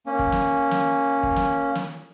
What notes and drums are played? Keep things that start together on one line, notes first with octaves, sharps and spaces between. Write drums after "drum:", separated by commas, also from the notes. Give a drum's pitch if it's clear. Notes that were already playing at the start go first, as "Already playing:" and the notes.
A#3 C#4
drum: kick
drum: snare
drum: snare
drum: kick
drum: snare
drum: snare